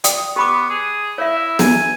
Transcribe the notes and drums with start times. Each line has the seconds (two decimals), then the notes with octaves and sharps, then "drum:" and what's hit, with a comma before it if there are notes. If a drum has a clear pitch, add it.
0.04 D5 G5 D#6, drum: hi-hat
0.36 B3 G4 B5 D6
0.70 G#4
1.18 E4 C#5 E5
1.59 G#5, drum: snare